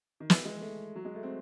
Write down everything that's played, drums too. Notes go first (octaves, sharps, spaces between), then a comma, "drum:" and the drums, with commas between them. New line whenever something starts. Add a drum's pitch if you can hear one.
D#3
E3, drum: snare
G#3
A3
F#3
G#3
A3
C4